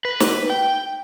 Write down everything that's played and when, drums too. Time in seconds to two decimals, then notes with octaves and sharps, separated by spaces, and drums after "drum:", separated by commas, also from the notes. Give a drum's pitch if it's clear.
0.05 B4
0.20 drum: snare
0.50 G5